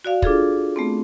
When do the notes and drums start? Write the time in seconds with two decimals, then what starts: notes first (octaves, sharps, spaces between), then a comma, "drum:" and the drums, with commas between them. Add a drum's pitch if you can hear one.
0.04 F#4 D5 F5
0.22 D4 F4 G#4 A4, drum: kick
0.76 A3 B3 C4